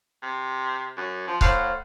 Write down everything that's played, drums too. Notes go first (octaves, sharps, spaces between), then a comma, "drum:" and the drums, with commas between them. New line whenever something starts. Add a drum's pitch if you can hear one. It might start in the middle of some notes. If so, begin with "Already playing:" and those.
C3
F#2
F3
A2 C5 F5 F#5, drum: kick C#1